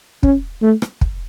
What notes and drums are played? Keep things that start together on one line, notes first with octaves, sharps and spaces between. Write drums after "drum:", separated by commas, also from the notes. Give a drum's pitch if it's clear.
C#4, drum: kick
A3
drum: rim click
drum: kick